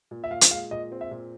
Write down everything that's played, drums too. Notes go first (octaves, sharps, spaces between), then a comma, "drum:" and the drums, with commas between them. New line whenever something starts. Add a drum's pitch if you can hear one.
A#2
E5
A#2 F5
drum: hi-hat
G#3 F5
A#2 D#5
C4
E5
A#2